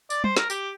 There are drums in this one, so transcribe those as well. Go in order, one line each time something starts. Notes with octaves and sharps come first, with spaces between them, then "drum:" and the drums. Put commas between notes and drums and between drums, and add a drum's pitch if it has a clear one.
D5, drum: tambourine
C5, drum: tom
A#4, drum: snare
G4, drum: tambourine